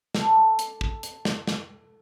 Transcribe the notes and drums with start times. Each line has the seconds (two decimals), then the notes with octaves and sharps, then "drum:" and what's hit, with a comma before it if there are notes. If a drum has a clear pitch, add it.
0.15 A4 D6, drum: snare
0.59 drum: hi-hat
0.81 drum: kick
1.03 drum: hi-hat
1.25 drum: snare
1.47 drum: snare